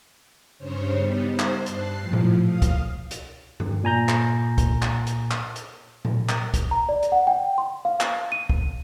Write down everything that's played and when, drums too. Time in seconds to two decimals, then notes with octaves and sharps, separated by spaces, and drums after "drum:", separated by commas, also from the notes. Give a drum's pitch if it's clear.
0.58 G2 C#3 C5 C#5
0.96 G3 B3 D#4
1.28 C5
1.39 drum: clap
1.66 G2 A5 F#6 C7, drum: hi-hat
2.00 A2 F3
2.13 drum: tom A#2
2.45 F5 D#6
2.62 drum: kick, hi-hat
3.11 drum: hi-hat
3.60 drum: tom G2
3.84 A#2 G#5 A#5 G6
4.09 drum: clap
4.58 drum: kick, hi-hat
4.82 drum: clap
5.07 drum: hi-hat
5.31 drum: clap
5.56 drum: hi-hat
6.05 drum: tom A#2
6.29 drum: clap
6.54 drum: kick, hi-hat
6.71 A#5
6.89 D5
7.03 drum: hi-hat
7.12 F#5
7.27 G5
7.58 C6
7.85 F5
8.01 drum: clap
8.32 D#7
8.50 drum: kick